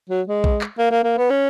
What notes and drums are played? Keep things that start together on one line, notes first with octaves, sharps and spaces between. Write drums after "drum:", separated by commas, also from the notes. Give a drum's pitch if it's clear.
F#3
G#3
drum: kick A#1
drum: clap
A#3
A#3
A#3
B3
C#4